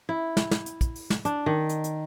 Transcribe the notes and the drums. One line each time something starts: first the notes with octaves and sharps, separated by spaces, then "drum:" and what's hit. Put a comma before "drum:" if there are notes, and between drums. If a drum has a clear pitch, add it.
E4
drum: snare
drum: snare
drum: hi-hat
drum: kick, hi-hat
drum: open hi-hat
drum: snare
D4, drum: hi-hat
D#3
drum: hi-hat
drum: hi-hat